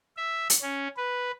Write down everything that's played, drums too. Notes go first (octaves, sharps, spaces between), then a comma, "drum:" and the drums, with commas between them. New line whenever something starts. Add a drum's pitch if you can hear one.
E5
drum: hi-hat
C#4
B4